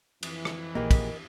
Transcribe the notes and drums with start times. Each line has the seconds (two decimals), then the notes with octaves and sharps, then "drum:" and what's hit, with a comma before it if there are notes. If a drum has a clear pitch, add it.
0.23 F2 E3, drum: cymbal
0.45 drum: rim click
0.75 A#1 A#2 A#3 G4 G#4 A#4 D#5
0.91 drum: kick, cymbal